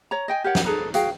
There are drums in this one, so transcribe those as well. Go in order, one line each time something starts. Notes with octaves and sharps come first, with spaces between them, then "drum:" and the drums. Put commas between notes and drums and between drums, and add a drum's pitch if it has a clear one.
C#5 A#5
D#5 G5 G#5
G4 A#4 C#5 F#5
drum: snare
G#4 A4 B4 A#5
F#4 G#4 F5 G5, drum: hi-hat